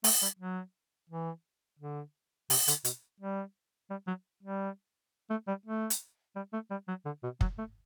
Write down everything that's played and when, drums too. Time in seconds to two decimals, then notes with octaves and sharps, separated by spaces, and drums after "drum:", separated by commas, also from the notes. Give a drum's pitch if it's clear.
0.04 A3, drum: open hi-hat
0.22 G3
0.39 F#3
1.09 E3
1.79 D3
2.50 C3, drum: open hi-hat
2.68 D3, drum: hi-hat
2.85 B2, drum: hi-hat
3.20 G3
3.90 G3
4.07 F#3
4.43 G3
5.30 A3
5.48 G3
5.66 A3
5.90 drum: hi-hat
6.36 G3
6.53 A3
6.71 G3
6.88 F#3
7.05 D3
7.23 B2
7.41 F#3, drum: kick
7.58 A3